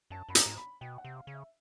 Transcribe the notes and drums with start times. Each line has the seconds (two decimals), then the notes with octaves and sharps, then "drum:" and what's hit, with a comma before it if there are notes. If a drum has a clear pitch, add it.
0.10 F#2 A5
0.29 F#2 B5
0.35 A#5, drum: hi-hat
0.46 G#2
0.58 B5
0.81 B2 G5
0.98 F#5
1.05 C3
1.16 F5
1.27 C#3
1.34 E5